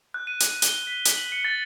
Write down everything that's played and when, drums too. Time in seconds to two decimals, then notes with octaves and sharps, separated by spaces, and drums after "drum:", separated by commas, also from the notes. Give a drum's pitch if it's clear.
0.14 F#6
0.27 D#7
0.40 drum: hi-hat
0.62 G7, drum: hi-hat
0.87 B6
1.05 drum: hi-hat
1.17 F#7
1.32 C#7
1.45 A6